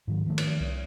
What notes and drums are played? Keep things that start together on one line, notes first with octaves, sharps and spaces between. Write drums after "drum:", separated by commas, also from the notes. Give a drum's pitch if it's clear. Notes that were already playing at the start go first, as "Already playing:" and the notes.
G#2 D#3 F#3
D#3 F3 G3 A3
drum: cymbal
C2